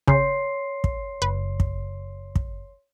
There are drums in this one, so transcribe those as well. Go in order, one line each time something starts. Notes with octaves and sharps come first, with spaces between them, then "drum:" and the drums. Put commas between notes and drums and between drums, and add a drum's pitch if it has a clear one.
C#3 C#5 C6 C7, drum: kick
drum: kick
F#1 B4
drum: kick
drum: kick